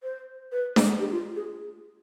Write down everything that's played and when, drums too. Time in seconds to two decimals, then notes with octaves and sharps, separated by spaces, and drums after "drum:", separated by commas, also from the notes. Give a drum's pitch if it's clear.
0.03 C5
0.52 B4
0.76 G#4, drum: snare D4
0.99 G4
1.12 F4
1.36 G#4